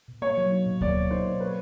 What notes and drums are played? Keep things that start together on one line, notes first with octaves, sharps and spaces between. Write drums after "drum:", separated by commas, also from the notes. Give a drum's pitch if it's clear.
B2
A#3 C#5
F#3
D#4
B2
A#3 D5, drum: kick D2
F#3
D#4 C5
B2
D#4 B4